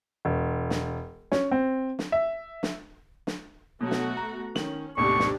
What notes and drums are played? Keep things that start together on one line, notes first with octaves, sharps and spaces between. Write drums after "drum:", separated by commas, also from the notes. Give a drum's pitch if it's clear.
E1
drum: snare
C#4, drum: snare
C4
drum: snare
E5
drum: snare
drum: snare
B2 F#3 A3 B3 F#4
drum: snare
A#5
D#3 C#4 F#7, drum: snare
G#1 D2 B2 C4 D4 G4 C#6
drum: snare